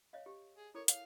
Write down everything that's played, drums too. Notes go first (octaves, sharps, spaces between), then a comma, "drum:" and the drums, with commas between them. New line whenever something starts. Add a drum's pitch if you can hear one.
C#5 D#5 F5
G4
G#4
E4 A4 A#4 C#5
C#5 F5, drum: hi-hat